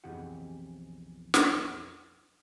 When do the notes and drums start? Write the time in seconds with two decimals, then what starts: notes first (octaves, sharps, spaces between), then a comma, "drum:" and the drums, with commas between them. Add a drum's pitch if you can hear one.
0.04 B1 F2 E3 G4 G#4 F#5
1.34 drum: snare